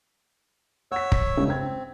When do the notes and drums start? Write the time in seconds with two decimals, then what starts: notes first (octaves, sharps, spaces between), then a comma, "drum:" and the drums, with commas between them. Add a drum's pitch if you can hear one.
0.92 C#5 F#5 E6 B6
1.12 B6, drum: kick
1.37 C#2 G2 C#3
1.50 C4 G#6